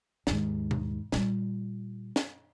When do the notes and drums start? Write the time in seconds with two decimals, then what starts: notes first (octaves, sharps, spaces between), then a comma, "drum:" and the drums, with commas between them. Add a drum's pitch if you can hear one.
0.27 D#2 G#2, drum: snare
0.71 drum: tom B2
1.12 A#2 G3, drum: snare
2.16 drum: snare